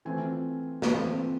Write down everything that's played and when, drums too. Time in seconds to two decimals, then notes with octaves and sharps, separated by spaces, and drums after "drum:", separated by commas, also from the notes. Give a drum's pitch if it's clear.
0.05 E3 A3 C4 F4 G#5
0.82 drum: snare
0.94 E3 A3 C4 F4